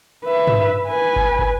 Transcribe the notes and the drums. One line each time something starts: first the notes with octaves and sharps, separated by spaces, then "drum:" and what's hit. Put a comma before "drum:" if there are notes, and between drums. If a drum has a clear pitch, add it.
B4 E5
drum: tom
B4 G#5
drum: kick
drum: kick